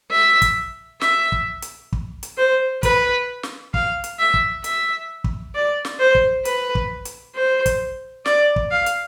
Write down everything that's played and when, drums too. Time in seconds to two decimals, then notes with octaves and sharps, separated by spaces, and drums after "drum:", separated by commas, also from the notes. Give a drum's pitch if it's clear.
0.12 E5
0.42 drum: kick, hi-hat
1.01 E5, drum: snare
1.32 drum: kick
1.62 drum: hi-hat
1.92 drum: kick
2.23 drum: hi-hat
2.38 C5
2.83 B4, drum: kick, hi-hat
3.43 drum: snare
3.74 F5, drum: kick
4.04 drum: hi-hat
4.19 E5
4.34 drum: kick
4.64 E5, drum: hi-hat
5.24 drum: kick
5.55 D5
5.85 drum: snare
6.00 C5
6.15 drum: kick
6.45 B4, drum: hi-hat
6.75 drum: kick
7.05 drum: hi-hat
7.36 C5
7.66 drum: kick, hi-hat
8.26 D5, drum: snare
8.56 drum: kick
8.71 F5
8.86 drum: hi-hat